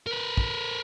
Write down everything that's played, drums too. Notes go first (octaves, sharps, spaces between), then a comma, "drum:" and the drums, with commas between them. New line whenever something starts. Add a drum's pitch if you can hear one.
A#4 B4
drum: kick